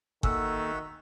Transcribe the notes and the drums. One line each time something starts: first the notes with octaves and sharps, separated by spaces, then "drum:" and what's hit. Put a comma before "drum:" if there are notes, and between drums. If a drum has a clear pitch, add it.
D#3 A#3 F#4 A4 E5 F#5 G#5 E6, drum: kick G1